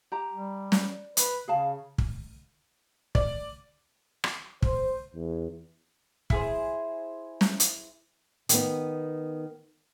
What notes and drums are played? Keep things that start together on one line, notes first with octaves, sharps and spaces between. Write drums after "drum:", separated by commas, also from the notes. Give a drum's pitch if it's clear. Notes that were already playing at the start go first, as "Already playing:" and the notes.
G4 A#5
G3
D5, drum: snare
B4, drum: hi-hat
C#3 G#4 F5 A5
drum: kick
D5, drum: kick
drum: rim click
C5, drum: kick
E2
E4 G#4 C5, drum: kick
drum: snare
drum: hi-hat
D#3 B3, drum: hi-hat